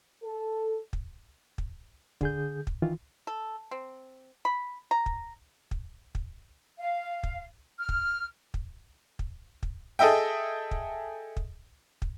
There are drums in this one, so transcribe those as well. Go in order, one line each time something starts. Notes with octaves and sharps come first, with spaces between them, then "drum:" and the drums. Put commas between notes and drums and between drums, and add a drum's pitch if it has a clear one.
A4
drum: kick
drum: kick
D3 G#4 G6, drum: kick
drum: kick
D#3 E3 F4
A4
C4
B5
A#5
drum: kick
drum: kick
drum: kick
F5
drum: kick
F6
drum: kick
drum: kick
drum: kick
drum: kick
G#4 A4 D#5 E5 G5
drum: kick
drum: kick
drum: kick